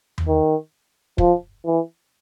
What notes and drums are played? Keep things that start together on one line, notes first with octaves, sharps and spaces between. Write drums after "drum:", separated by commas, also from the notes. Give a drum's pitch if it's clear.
drum: tom E2
D#3
F3, drum: kick
E3